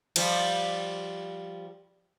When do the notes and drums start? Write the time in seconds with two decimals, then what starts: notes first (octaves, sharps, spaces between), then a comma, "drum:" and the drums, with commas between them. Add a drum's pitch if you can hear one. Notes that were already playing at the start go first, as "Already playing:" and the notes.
0.16 F3 G3, drum: cymbal